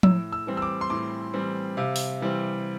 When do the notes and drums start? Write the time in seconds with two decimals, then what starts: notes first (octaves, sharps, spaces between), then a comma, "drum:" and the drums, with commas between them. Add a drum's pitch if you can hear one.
0.03 A2 E6, drum: tom F3
0.32 E6
0.47 E3 G3 C4
0.57 E6
0.62 D6
0.81 C6
0.90 A2 D6
1.34 E3 G3 C4
1.77 C3 F5
1.96 drum: open hi-hat
2.22 E3 G3 C4